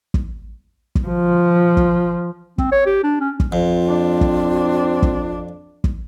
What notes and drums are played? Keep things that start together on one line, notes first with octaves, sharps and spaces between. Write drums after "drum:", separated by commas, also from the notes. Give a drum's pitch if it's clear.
drum: kick
drum: kick
F3
drum: kick
C4, drum: kick
C#5
G4
D4
C#4
drum: kick
F2 C4 F4
D4
drum: kick
drum: kick
drum: kick